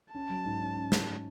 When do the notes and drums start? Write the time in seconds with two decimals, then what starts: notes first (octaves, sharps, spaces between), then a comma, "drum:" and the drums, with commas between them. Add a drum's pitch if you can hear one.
0.14 C#4 A5
0.29 F#3
0.45 G#2
0.61 C#4
0.77 C#4
0.92 C#4, drum: snare